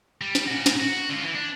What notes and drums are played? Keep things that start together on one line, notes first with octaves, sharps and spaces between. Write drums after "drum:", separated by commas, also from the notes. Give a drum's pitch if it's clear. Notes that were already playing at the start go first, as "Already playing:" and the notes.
G3
drum: snare
A#2 F#4
drum: snare
F#4
D3 F4
E3
D4